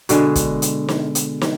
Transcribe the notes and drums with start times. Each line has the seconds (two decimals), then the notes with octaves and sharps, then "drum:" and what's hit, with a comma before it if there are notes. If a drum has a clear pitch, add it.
0.09 B2 D3 G#3, drum: hi-hat
0.36 drum: kick, hi-hat
0.62 drum: hi-hat
0.89 drum: snare
1.15 drum: hi-hat
1.41 drum: snare